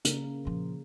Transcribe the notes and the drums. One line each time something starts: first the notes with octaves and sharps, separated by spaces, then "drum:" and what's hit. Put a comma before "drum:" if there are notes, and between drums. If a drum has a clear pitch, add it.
C#3 A#3 A#4, drum: hi-hat
A#2 F3